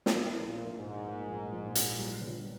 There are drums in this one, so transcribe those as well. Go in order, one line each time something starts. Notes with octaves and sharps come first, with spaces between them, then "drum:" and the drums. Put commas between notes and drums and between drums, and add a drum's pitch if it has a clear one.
drum: snare
C#3 E3 A#3
A#1
A#2
A#1
G#2
A#2
A#3
A#1
A#1
A#2, drum: hi-hat
G3
G1